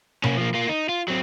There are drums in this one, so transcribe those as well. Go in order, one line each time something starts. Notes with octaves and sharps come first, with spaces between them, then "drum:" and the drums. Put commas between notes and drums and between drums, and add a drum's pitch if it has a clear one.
A#3 C#4, drum: tom B2
F3 A#3
A#3 F4
D#4
F4
F#3 C4